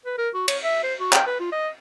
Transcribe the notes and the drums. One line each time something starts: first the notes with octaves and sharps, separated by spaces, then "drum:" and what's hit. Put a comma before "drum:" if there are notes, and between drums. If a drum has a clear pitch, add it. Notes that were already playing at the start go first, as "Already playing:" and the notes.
B4
A#4
F#4
C#5, drum: cymbal
E5
C5
F#4
G5, drum: clap
B4
F4
D#5